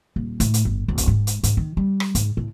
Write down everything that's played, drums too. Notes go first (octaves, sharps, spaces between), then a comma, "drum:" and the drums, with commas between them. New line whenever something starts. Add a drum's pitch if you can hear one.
D#1
A2, drum: hi-hat
drum: hi-hat
G1
D1
drum: kick E1, hi-hat
G#2
drum: hi-hat
G#2, drum: hi-hat
D#3
G3
drum: rim click
G#2, drum: hi-hat
A2